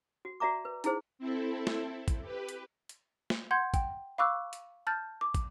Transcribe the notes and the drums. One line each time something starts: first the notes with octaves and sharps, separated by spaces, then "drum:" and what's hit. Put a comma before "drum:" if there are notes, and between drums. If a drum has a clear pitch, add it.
F#4
F#4 D5 E5 A#5 D6
B4
D#4 E4 G#4 C5, drum: hi-hat
C4 E4 A4
drum: snare
drum: kick, hi-hat
G4 B4
drum: hi-hat
drum: hi-hat
drum: snare
F#5 C6 G6 G#6
G5, drum: kick, hi-hat
F5 B5 C#6 D6 E6 F#6
drum: hi-hat
A5 F6 G6 A6
D6
drum: kick, hi-hat